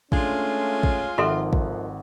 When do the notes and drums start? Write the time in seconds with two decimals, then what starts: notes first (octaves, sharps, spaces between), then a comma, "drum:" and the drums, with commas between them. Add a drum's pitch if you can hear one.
0.12 G#3 A3 C#4 D4 F4, drum: kick
0.83 drum: kick
1.18 G#1 D#3 F3 D#4 A4 E5 F#5 C6
1.53 drum: kick